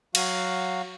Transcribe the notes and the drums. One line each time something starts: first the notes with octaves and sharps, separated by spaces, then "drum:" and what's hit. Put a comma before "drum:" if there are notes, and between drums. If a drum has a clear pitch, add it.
F#3 F#4 F5, drum: cymbal